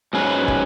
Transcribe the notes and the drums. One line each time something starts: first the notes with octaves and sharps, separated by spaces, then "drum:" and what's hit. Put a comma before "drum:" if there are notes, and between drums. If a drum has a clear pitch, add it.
G#2 F#3 C#4 G#4 B4
drum: kick